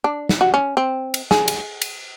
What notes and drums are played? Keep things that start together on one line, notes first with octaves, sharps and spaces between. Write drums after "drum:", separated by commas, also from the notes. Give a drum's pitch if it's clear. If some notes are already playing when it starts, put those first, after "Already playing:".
D4
drum: snare
F#4
C#4
C4
drum: cymbal
G#4, drum: snare
drum: cymbal
drum: cymbal